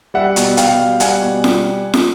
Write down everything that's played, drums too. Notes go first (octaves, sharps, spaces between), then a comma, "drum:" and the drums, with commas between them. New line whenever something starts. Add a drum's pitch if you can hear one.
G3 E5 F#5
B2, drum: hi-hat
B2 F5 G5, drum: hi-hat
G3
G3 F#5 G#5, drum: hi-hat
B2
G3, drum: snare
drum: snare